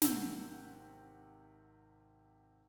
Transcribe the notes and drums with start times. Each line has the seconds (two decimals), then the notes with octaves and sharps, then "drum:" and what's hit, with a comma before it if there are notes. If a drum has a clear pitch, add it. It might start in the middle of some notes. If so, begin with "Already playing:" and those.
0.02 G#1 C3 F#5 E6 G6, drum: snare